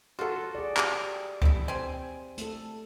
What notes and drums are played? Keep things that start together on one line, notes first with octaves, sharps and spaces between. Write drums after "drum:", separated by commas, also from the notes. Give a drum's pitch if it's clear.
F#3 F4 F#4 A4
G#4 D5
G4, drum: clap
A3 E4, drum: kick C#2
C4 G#5
A3 A4, drum: hi-hat